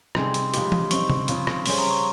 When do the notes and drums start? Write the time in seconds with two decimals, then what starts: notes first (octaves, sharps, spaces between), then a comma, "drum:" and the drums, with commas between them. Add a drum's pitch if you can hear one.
0.15 C3 G3 C4 D#4 G#4 C6, drum: rim click
0.34 drum: hi-hat
0.54 C#3 F3 G#3 D#4 G4, drum: hi-hat
0.72 drum: tom E3
0.91 G3 C4 D#4 C#6, drum: hi-hat
1.10 drum: tom
1.28 C#3 F3 C4 F4, drum: hi-hat
1.47 drum: rim click
1.66 C#3 G3 C#4 G#4 C5 C6, drum: open hi-hat
1.78 A#5
1.91 C#6